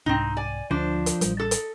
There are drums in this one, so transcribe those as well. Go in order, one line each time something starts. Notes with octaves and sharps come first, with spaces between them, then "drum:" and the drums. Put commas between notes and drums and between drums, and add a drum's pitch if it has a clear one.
C2 G#2 C4 D#4
D5 G#5
D2 F3 D4 C5
drum: hi-hat
A1 G3, drum: hi-hat
A4
drum: hi-hat